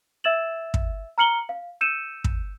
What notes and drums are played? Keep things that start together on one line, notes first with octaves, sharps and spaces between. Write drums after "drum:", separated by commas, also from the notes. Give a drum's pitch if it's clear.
E5 E6 G#6 A6 E7 F#7
drum: kick
A#5 F6 C#7 F#7 G7
F5
E6 G6 C#7 D#7 E7
drum: kick